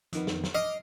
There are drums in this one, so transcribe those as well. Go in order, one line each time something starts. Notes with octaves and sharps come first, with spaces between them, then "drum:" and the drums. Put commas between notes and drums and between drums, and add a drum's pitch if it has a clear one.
F2 D#3 B3, drum: hi-hat
drum: snare
drum: snare
D#5 D6 F6 C7